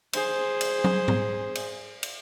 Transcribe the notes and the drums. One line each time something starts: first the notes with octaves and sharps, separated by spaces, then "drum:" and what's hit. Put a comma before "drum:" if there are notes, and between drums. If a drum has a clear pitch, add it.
G#4 C5, drum: cymbal
drum: cymbal
drum: tom F#3
drum: tom G#2
drum: cymbal
drum: cymbal